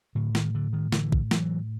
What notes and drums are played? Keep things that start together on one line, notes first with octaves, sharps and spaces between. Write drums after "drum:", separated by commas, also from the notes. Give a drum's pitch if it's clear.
A2 D3
D#3, drum: snare
D3
D#3
D3 E3, drum: snare
drum: kick
E3 F#3, drum: snare